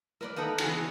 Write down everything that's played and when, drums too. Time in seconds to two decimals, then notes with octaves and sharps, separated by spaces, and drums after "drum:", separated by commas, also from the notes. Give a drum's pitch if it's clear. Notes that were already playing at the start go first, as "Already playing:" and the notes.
0.21 A#4 B4 D5, drum: rim click
0.36 A#3 B3 D#4 A4 B4
0.58 C#3 E3 G#3 F#4 G#4, drum: cymbal